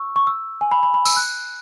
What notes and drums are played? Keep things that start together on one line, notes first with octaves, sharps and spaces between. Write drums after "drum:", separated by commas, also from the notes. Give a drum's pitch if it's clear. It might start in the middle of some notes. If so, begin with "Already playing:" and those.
Already playing: C#6 E6
C#6
E6
G#5
B5
B5
B5
E6, drum: tambourine
F#6